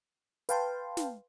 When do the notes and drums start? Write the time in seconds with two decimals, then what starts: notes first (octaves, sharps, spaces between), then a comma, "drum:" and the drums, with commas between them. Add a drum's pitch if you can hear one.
0.49 B4 F5 G5 A5 C6, drum: hi-hat
0.97 drum: snare